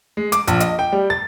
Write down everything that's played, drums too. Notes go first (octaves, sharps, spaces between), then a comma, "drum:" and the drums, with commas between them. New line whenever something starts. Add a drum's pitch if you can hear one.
G#3
D6, drum: hi-hat
A#1, drum: hi-hat
D#5, drum: hi-hat
G5
G3
A6